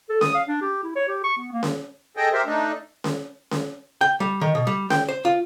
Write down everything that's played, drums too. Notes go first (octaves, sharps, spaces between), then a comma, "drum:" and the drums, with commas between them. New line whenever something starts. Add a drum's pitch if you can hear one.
A4
D#6, drum: snare C#4
F5
D4
G4
E4
C#5
G4
C#6
B3
A#3
drum: snare C#4
G#4 A4 D#5 G5
G4 A#4 C5 E5
A3 D4 D#4
drum: snare C#4
drum: snare C#4
G5
G3
D#3
B2
G3
G5, drum: snare C#4
C5
F4